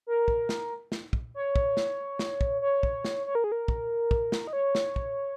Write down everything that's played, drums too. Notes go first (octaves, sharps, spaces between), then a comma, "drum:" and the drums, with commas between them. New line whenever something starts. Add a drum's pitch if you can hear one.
A#4
drum: kick
drum: snare
drum: snare
drum: kick
C#5
drum: kick
drum: snare
drum: snare
drum: kick
C#5
drum: kick
drum: snare
C#5
A#4
G#4
A#4
drum: kick
drum: kick
drum: snare
D#5
C#5
drum: snare
drum: kick